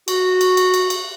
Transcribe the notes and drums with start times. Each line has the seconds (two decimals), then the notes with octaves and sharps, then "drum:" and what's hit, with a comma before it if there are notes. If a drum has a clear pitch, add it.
0.08 F#4, drum: cymbal
0.41 drum: cymbal
0.57 drum: cymbal
0.74 drum: cymbal
0.90 drum: cymbal